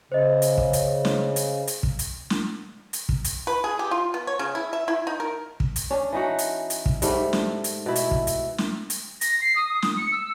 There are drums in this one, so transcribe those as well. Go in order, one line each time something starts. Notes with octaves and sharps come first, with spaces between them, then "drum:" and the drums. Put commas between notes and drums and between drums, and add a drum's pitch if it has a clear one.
C#3 C5 D#5
drum: hi-hat
drum: kick
drum: hi-hat
drum: snare
drum: hi-hat
drum: hi-hat
drum: kick
drum: hi-hat
drum: snare
drum: hi-hat
drum: kick
drum: hi-hat
B4
G#4
G4
F4
B3
C#5
C#3
E4
E5
E4
D#4
A#4
drum: kick
drum: hi-hat
C#4 D4
E3 D#4 F#4
drum: hi-hat
drum: hi-hat
drum: kick
G#2 G3 A3, drum: hi-hat
drum: snare
drum: hi-hat
B2 E4
drum: hi-hat
drum: kick
drum: hi-hat
drum: snare
drum: hi-hat
A#6, drum: hi-hat
C7
D#6
D#6
D#6, drum: snare
C#7
E6